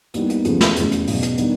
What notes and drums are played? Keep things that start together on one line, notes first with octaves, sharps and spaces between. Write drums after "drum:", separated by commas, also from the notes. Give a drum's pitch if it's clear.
D#2 D#3 G3 B3 E4, drum: hi-hat
drum: hi-hat
E2 C#3 F3 A3, drum: hi-hat
drum: snare
F1 E2 C#3 F#3, drum: hi-hat
drum: hi-hat
E2 B2 F#3, drum: open hi-hat
drum: hi-hat
D#3 G3 B3 D4, drum: hi-hat